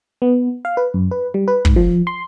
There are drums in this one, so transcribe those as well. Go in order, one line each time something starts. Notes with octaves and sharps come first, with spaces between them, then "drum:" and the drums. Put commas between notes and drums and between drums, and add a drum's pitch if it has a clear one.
B3
F5
B4
F#2
B4
G3
B4
G#2, drum: kick
F3
C6